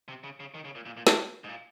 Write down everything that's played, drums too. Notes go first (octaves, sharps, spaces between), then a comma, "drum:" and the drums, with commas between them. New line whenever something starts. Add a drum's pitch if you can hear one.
C3
C#3
C#3
D#3
C#3
A#2
A#2
A#2
G#2, drum: snare
G#2
A#2